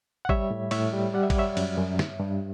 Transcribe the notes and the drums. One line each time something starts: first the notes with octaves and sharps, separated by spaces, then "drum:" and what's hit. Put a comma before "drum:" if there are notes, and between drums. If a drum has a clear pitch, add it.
F#5
G3 C#5 E5, drum: kick
A2
A2 C#5 E5, drum: cymbal
G3
G3 F#5
E5
D5, drum: kick, cymbal
F#2 C#5 E5
F#2, drum: cymbal
F#2
G2, drum: snare
G2